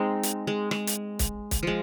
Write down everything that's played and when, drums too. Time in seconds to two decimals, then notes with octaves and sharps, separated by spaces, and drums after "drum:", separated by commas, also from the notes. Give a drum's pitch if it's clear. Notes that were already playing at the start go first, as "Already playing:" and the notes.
Already playing: G#3 C4 D#4
0.23 drum: hi-hat
0.47 G#3
0.71 G#3, drum: rim click
0.87 drum: hi-hat
1.19 drum: kick, hi-hat
1.51 drum: kick, hi-hat
1.63 F3 G#3